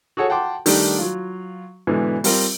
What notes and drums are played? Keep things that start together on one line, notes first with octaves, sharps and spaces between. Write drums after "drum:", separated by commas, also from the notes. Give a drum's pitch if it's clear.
F#4 G#4 A4 C#5 F#5
F#5 G5 A5 C6 D6
D#3 G3 A3 D4 D#4 G4, drum: open hi-hat
F#3 F4
G#2 B2 D3 E3 B3
G3 C4 F4 A#4, drum: open hi-hat